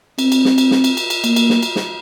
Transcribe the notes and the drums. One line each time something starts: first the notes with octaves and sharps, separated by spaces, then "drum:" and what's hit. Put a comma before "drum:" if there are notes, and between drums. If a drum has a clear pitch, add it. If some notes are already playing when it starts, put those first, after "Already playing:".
C4, drum: cymbal
drum: cymbal
drum: snare
drum: cymbal
drum: snare
drum: cymbal
drum: cymbal
drum: cymbal
A#3, drum: cymbal
drum: cymbal
drum: snare
drum: cymbal
drum: snare